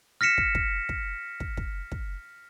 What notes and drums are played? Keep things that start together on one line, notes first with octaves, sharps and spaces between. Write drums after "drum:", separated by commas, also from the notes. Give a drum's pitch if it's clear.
F6 A#6 B6 C#7 E7
drum: kick
drum: kick
drum: kick
drum: kick
drum: kick
drum: kick